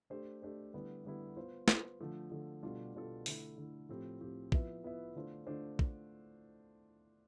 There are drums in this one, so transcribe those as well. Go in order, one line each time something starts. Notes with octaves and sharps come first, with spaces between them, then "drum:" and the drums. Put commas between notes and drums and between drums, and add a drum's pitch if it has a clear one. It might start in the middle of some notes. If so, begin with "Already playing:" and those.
A3 D4 G4 C5
A3 D4 G4 C5
D3 G3 B3 E4 B4
D3 G3 B3 E4 B4
B3 F4 C5
B3 F4 C5, drum: snare
D3 F3 A3
D3 F3 A3
B2 G3 D4 F4 A4
B2 G3 D4 F4 A4
D3 A3 E4, drum: open hi-hat
D3 A3 E4
A2 F3 C4 G4
A2 F3 C4 G4
F3 B3 E4 B4 E5, drum: kick
F3 B3 E4 B4 E5
D3 A3 D4 F4 C5
D3 A3 D4 F4 C5
drum: kick